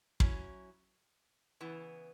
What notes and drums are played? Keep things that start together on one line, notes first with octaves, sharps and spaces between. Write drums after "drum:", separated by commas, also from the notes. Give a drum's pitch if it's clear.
F#3 C#4 E4, drum: kick
C#3 E3 B3